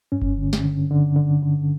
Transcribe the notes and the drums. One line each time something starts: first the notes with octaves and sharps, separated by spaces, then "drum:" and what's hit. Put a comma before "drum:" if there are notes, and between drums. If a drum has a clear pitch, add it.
G2 C#4
drum: kick F#1
D3
drum: snare
D3
D3
D3
D3